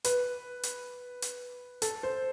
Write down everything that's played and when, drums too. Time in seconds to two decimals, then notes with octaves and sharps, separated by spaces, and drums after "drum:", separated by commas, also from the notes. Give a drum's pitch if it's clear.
0.05 B4, drum: hi-hat
0.63 drum: hi-hat
1.22 drum: hi-hat
1.82 A4, drum: hi-hat
2.03 C5